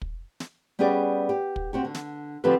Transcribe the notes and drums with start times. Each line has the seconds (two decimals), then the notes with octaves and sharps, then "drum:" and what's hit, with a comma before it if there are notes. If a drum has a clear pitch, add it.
0.02 drum: kick
0.40 drum: snare
0.79 G3 B3 C#4 G4 G#4 D5
1.29 G4
1.56 drum: kick
1.73 C4 F#4 G4
1.85 D3
1.94 drum: snare
2.44 D3 F3 C4 G4 A4 B4